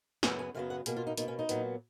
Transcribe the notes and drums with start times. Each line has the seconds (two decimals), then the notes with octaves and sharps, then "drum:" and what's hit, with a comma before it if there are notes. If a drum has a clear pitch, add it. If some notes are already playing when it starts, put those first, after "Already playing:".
0.23 F#2 C#3 F#3 B3 G#5, drum: snare
0.39 G#5
0.55 F#2 C#3 F#3 B3 F5
0.70 F#5
0.86 B2 A#3 G#4, drum: hi-hat
0.96 F4
1.07 D#4
1.18 B2 A#3 D#4, drum: hi-hat
1.28 C#4
1.39 D#4
1.49 A#2 F#3 B3, drum: hi-hat